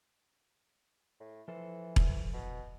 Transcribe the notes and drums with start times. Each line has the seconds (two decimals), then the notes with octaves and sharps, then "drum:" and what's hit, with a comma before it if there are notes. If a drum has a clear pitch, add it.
1.20 A2
1.48 E3 F3 A4 C5
1.96 drum: kick E1
2.33 B2